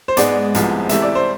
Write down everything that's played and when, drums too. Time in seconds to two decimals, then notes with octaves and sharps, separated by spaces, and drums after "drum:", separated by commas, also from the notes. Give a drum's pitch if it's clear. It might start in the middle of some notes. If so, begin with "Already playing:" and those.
0.08 C5
0.17 G#2 G#3 B3 D5, drum: hi-hat
0.55 C2 C3 F3 G#3 B3, drum: hi-hat
0.89 C3 E3 A3 C4 E5, drum: hi-hat
1.02 D5
1.15 C5